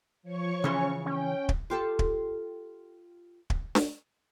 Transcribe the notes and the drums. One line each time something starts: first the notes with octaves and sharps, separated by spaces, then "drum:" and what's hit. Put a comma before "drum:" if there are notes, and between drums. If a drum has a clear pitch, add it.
F3 C#5 C#6
C#3 E3 C#4 C6
C#4 G5
drum: kick
F4 G4 A4
drum: kick
drum: kick
drum: snare D4